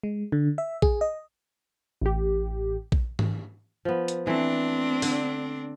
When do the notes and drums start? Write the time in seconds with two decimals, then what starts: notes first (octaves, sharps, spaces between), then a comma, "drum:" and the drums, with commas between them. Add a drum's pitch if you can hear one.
0.03 G#3
0.32 D3
0.58 E5
0.82 G#4, drum: kick A#1
1.01 D#5
2.01 A1 G4
2.92 drum: kick A#1
3.19 drum: tom G#2
3.85 F3 B3
4.08 drum: hi-hat
4.27 E3 A3 C4 D4
5.02 D3, drum: open hi-hat